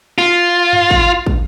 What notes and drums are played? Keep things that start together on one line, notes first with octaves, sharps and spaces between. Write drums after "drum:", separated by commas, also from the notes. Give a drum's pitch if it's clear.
F4
drum: tom F#2
drum: kick
drum: kick